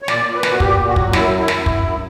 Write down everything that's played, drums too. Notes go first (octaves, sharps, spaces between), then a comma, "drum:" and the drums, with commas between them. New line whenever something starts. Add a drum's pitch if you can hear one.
C#5
A#2 D5, drum: snare
A#2
B4
A#2, drum: snare
F#4
A#2 G4, drum: kick
A#2
F#4
F#3, drum: kick
F#2 E4, drum: snare
F#2
E4
F#2, drum: snare
F#2, drum: kick
F#2